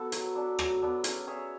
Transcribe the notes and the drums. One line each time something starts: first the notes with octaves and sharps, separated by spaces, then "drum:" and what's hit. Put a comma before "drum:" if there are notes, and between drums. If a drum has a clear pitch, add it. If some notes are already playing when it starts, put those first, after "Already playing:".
Already playing: B3 F#4 A4
F#3, drum: hi-hat
B3 D4
F#3, drum: rim click
B3 D4
C#4, drum: hi-hat
G#4 C#5 E5